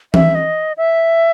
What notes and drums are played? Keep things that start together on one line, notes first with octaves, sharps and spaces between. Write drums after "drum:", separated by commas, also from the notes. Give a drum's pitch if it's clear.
E5, drum: tom E3
D#5
E5